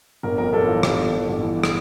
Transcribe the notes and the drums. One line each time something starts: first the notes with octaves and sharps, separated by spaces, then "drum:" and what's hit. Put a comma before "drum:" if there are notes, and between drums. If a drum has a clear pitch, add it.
G1 A#4
F2 A#4
G1 A4
E3 F4
G1 G4, drum: rim click
E3
E3
G1
E3
drum: rim click